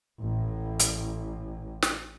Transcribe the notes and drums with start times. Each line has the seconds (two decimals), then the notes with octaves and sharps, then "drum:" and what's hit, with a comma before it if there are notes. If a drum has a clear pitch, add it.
0.21 A1 A2
0.79 drum: hi-hat
1.82 drum: snare